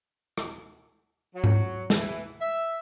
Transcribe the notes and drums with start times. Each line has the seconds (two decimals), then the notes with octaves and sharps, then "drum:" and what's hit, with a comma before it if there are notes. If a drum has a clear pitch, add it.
0.38 drum: rim click
1.35 F#3
1.44 drum: tom G#2
1.90 E3, drum: snare
2.40 E5